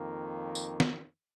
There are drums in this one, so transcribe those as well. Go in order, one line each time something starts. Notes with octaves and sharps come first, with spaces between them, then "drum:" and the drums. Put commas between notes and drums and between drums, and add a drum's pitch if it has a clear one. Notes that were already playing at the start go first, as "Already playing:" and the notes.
Already playing: F2 D#3 A#3
drum: tambourine
drum: snare